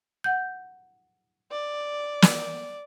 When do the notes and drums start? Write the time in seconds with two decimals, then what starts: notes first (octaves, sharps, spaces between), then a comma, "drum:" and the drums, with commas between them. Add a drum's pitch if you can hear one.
0.24 F#5 G6
1.51 D5
2.22 drum: snare